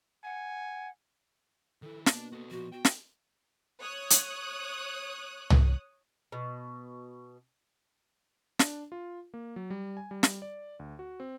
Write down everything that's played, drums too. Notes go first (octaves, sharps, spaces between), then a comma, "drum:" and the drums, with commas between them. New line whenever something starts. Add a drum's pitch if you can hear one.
F#5 G#5
D#3 E4 A4
B2 A#3 D4 A5, drum: snare
F#4 A4
A#2 F3 B3 F#4
F#4 G5
drum: snare
C#5 D#6 F#6
drum: hi-hat
drum: tom C2
B2
D4, drum: snare
F4
A#3
F#3
G3
G#5
G3
drum: snare
D5
D2
F#4
C4